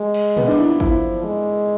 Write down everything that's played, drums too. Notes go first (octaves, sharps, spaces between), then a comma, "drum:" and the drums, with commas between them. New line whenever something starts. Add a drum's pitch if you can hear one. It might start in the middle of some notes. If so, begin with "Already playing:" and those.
Already playing: G#3
drum: cymbal
B3, drum: tom A#2
D4
E4
F4
F3 E4, drum: kick
G#3